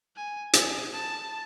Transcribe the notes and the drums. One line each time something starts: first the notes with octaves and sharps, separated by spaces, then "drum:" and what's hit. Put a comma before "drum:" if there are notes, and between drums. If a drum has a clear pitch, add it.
G#5
G#4, drum: hi-hat
A5